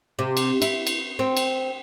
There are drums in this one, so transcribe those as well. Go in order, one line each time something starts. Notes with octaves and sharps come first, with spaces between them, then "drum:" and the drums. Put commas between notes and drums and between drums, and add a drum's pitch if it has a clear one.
C3
drum: cymbal
E4, drum: cymbal
drum: cymbal
C4
drum: cymbal